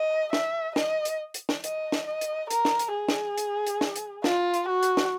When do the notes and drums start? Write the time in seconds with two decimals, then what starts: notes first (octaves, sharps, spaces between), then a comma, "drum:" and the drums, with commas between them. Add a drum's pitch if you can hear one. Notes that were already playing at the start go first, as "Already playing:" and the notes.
Already playing: D#5
0.33 E5, drum: snare
0.76 D#5, drum: snare
1.05 drum: hi-hat
1.34 drum: hi-hat
1.49 drum: snare
1.64 D#5, drum: hi-hat
1.92 drum: snare
2.07 D#5
2.21 drum: hi-hat
2.50 A#4, drum: hi-hat
2.65 drum: snare
2.79 drum: hi-hat
2.94 G#4
3.08 drum: snare
3.38 drum: hi-hat
3.67 drum: hi-hat
3.81 drum: snare
3.96 drum: hi-hat
4.24 F4, drum: snare
4.54 drum: hi-hat
4.69 F#4
4.83 drum: hi-hat
4.97 drum: snare